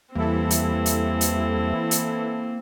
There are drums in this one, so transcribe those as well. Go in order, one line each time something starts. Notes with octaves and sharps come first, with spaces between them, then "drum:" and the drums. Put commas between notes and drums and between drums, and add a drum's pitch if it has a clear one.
E2 E3 G3 A#3 C4 E4 A4
drum: hi-hat
drum: hi-hat
drum: hi-hat
drum: hi-hat